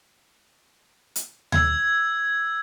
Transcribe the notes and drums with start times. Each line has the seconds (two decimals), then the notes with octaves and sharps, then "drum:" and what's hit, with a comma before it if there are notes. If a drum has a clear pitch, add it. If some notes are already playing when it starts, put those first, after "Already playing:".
1.16 drum: hi-hat
1.52 E6 G#6, drum: tom D#2